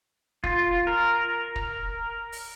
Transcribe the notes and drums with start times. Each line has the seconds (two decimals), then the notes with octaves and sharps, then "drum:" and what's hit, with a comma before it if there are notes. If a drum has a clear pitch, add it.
0.44 F4, drum: kick
0.87 A#4
1.56 drum: kick
2.32 drum: open hi-hat